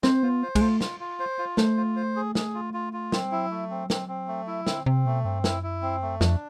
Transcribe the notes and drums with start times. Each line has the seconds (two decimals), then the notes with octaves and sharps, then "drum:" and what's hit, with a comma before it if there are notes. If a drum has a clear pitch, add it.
0.03 C4 C5, drum: snare
0.23 B3 F4
0.42 C5
0.55 G#3, drum: kick, cymbal
0.61 A3 F4
0.81 F4, drum: snare
1.00 F4
1.20 C5
1.39 F4
1.57 A3 C5, drum: snare
1.77 F4
1.96 C5
2.16 G#4
2.35 G#4, drum: snare
2.54 F4
2.74 F4
2.93 F4
3.12 F#3 C4, drum: snare
3.24 G3
3.32 F#3 E4
3.51 A3
3.71 C4
3.90 C4, drum: snare
4.08 C4
4.28 A3
4.47 E4
4.67 D3 C4, drum: snare
4.86 C3 C4
5.06 B2 A3
5.24 G2 C4
5.44 F#2 E4, drum: snare
5.63 E4
5.82 C4
6.03 A3
6.21 F2 D4, drum: snare